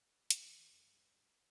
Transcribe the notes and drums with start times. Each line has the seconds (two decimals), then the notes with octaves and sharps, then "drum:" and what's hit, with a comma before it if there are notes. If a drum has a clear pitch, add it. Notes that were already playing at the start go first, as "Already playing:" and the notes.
0.31 F3, drum: hi-hat
0.44 D#3
0.58 D#3
0.72 F2
0.86 G2